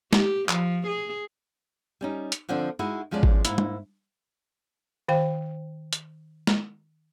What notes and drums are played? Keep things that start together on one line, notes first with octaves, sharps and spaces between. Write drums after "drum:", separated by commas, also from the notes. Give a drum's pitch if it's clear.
G4, drum: snare
F3, drum: clap
G#4
G3 C#4 D#4
drum: hi-hat
D3 F3 C4 D4
G#3 D#4 E4 F#4
E2 F3 G#3 C#4 D5
drum: kick G#1
G#2 A#3 E4, drum: hi-hat
drum: tom
D#3 C5 F5 G5
drum: hi-hat
drum: snare